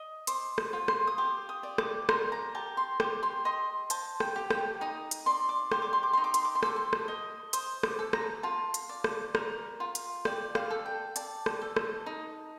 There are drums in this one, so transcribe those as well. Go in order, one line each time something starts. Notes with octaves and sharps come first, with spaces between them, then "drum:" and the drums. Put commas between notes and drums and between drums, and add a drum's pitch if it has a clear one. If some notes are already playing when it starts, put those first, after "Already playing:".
Already playing: D#5
C5 D6, drum: hi-hat
drum: rim click
F4
C6, drum: rim click
D#6
G4 D6
D#6
D5
D6, drum: rim click
A#4 C6, drum: rim click
A#5
G4 A5
C6
G4 D6, drum: rim click
C6
D#5 C6
C5 A5, drum: hi-hat
G5, drum: rim click
G4
G5, drum: rim click
D#4 D#6
drum: hi-hat
D5 C6
D6
G4 C6, drum: rim click
D6
C6
D6
D#4 C6
D6
C6, drum: hi-hat
D6
C6
A4 D6, drum: rim click
C6
drum: rim click
D#5
C5 D#6, drum: hi-hat
D6, drum: rim click
A4
A#5, drum: rim click
F4 A5
drum: hi-hat
D5
drum: rim click
A#4, drum: rim click
F4
drum: hi-hat
D5 G5, drum: rim click
F5, drum: rim click
A4
G5
D5 A5, drum: hi-hat
drum: rim click
A4
drum: rim click
D#4